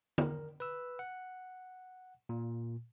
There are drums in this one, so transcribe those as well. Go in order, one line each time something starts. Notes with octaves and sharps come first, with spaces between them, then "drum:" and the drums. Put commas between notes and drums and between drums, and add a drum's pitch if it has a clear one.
A#4, drum: tom D3
B4 E6
F#5
A#2